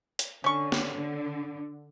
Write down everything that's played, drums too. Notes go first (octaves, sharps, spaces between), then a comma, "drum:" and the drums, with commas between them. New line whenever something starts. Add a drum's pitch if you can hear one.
drum: hi-hat
D3 C#4 C#6
drum: snare
D3